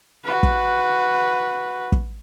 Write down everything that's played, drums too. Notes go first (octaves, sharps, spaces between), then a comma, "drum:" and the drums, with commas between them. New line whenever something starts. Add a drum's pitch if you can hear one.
F#4 B4
drum: kick
drum: kick